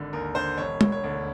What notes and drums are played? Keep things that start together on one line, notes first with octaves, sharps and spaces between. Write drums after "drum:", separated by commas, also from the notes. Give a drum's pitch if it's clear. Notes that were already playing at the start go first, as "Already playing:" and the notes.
Already playing: G#1 D3
D#2 A#4
D3 C5
E1 C#5
E1, drum: tom
C#5
D2